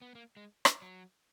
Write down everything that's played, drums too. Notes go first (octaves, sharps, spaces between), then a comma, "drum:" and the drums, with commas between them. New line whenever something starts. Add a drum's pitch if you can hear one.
B3
A#3
G#3
drum: rim click
F#3